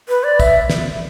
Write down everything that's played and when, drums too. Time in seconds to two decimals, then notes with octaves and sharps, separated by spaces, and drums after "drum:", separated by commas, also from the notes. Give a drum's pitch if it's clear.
0.09 B4
0.24 D5
0.40 E5, drum: kick, tambourine
0.70 drum: snare